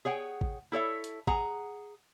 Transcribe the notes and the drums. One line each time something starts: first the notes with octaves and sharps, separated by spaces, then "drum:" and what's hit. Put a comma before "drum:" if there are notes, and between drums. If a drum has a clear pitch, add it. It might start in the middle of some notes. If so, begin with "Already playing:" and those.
G#4 C#5 F#5 G5
drum: kick
E4 A4 C#5 E5
drum: hi-hat
G#4 F#5 A#5, drum: kick